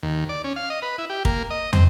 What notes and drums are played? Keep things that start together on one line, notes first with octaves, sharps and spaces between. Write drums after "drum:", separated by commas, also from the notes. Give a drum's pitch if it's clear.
D#2
D5
C#4
F5
D#5
B4
E4
G4
A#3, drum: kick
D#5
C4, drum: tom